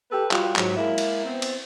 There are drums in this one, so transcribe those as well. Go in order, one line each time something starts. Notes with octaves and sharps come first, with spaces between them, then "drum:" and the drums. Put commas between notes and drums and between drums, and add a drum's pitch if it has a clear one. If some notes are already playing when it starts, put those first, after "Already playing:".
G4 A4 B4
G3 F4 F#4, drum: clap
G#2 F#3, drum: clap
G#3 A#3 E4
drum: cymbal
B3 C4
drum: cymbal